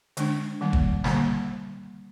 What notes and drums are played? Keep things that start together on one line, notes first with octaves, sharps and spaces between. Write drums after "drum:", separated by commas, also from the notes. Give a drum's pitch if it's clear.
D3 G#3 D4, drum: hi-hat
D#3 G3 A#3
drum: kick
D3 G3 A#3, drum: snare